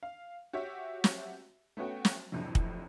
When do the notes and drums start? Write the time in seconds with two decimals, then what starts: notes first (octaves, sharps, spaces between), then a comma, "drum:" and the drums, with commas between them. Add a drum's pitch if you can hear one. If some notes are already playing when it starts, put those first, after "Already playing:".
0.03 F5
0.53 F#4 G4 C#5 E5
1.04 drum: snare
1.77 A3 B3 C#4 F#4 G5
2.05 drum: snare
2.32 A#1 F2 A2 C3 E3 F#3
2.55 drum: kick